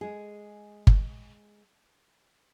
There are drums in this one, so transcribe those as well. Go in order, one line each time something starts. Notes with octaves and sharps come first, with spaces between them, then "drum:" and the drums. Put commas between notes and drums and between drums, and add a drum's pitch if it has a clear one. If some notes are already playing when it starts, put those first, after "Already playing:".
G#3 G#4
drum: kick G1